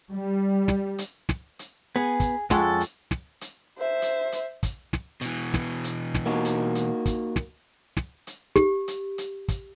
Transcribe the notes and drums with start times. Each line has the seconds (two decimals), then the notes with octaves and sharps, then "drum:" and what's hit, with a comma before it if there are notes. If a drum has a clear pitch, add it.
0.12 G3
0.68 drum: snare
0.98 drum: hi-hat
1.29 drum: snare
1.59 drum: hi-hat
1.96 B3 G#4
2.20 drum: kick, hi-hat
2.50 F2 G#3 C#4 A4 F#5, drum: snare
2.81 drum: hi-hat
3.11 drum: snare
3.41 drum: hi-hat
3.78 C5 E5
4.02 drum: hi-hat
4.32 drum: hi-hat
4.63 drum: kick, hi-hat
4.93 drum: snare
5.21 B2 E3, drum: hi-hat
5.54 drum: snare
5.84 drum: hi-hat
6.14 drum: snare
6.26 A#3 D#4 F#4
6.45 drum: hi-hat
6.75 drum: hi-hat
7.06 drum: kick, hi-hat
7.36 drum: snare
7.97 drum: snare
8.27 drum: hi-hat
8.56 G4, drum: snare
8.88 drum: hi-hat
9.18 drum: hi-hat
9.48 drum: kick, hi-hat